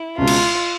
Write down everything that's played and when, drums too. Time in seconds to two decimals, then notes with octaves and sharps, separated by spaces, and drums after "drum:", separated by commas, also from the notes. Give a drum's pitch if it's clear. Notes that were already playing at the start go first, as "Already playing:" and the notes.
Already playing: E4
0.17 C#2 B2 G#3 C#4 F4
0.27 drum: cymbal